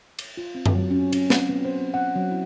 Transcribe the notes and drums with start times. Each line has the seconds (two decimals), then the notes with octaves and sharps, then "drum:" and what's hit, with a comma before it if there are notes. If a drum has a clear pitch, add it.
0.19 drum: cymbal
0.37 F4
0.55 C4
0.66 drum: tom F#2
0.75 F#3
0.91 C#4
1.13 C#4, drum: cymbal
1.30 C4, drum: snare
1.49 B3
1.65 C5
1.79 C4
1.94 F#5
2.16 F#3
2.31 E4